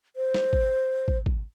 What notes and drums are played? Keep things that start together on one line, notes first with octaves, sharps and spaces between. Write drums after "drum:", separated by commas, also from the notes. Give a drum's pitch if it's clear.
C5
drum: snare
drum: kick
drum: kick
drum: kick